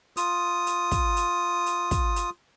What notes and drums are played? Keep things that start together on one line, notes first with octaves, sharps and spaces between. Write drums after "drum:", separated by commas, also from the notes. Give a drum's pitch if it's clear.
F4 D#6, drum: hi-hat
drum: hi-hat
drum: kick, hi-hat
drum: hi-hat
drum: hi-hat
drum: kick, hi-hat
drum: hi-hat